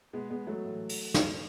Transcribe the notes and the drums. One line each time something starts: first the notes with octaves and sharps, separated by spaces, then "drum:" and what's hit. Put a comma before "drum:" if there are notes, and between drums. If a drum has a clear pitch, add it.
B2 G#3 B3
G#3 B3
F#3 A3
A2 E3
drum: open hi-hat
B2 G#3, drum: snare